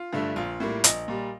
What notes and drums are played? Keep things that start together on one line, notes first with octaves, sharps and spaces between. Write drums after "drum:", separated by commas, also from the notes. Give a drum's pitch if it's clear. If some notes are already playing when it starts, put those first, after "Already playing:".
Already playing: F4
G2 D3 A3
A#1 F4
A2 G3 A#3
A#1 D#5, drum: hi-hat
A#2 G3